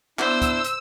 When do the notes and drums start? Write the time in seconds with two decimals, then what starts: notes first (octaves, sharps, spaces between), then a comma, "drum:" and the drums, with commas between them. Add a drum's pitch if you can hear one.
0.19 B3 D4 E4 C5 D6 E6, drum: clap
0.42 drum: kick, hi-hat
0.64 drum: hi-hat